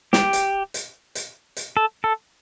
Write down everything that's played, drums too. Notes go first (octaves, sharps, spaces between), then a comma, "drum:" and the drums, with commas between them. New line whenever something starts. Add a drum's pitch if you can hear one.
G4, drum: snare
drum: hi-hat
drum: hi-hat
drum: hi-hat
drum: hi-hat
A4
A4